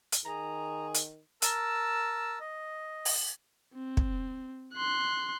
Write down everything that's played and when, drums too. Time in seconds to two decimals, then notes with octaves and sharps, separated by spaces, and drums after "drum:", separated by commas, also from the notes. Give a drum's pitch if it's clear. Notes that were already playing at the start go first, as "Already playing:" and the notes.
0.12 drum: hi-hat
0.25 D#3 G#4 A#5
0.94 drum: hi-hat
1.42 A#4 A5 E6, drum: hi-hat
2.40 D#5
3.05 drum: open hi-hat
3.75 C4
3.97 drum: kick
4.74 C6 F#6